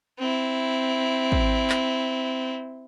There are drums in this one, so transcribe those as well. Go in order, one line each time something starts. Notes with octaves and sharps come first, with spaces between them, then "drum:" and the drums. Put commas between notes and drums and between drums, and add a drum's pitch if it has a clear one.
C4 E4
drum: kick
drum: clap